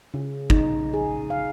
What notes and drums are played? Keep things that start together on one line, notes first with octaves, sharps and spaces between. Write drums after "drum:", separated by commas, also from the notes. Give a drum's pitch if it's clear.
C#3
D#4, drum: kick
G#4
F5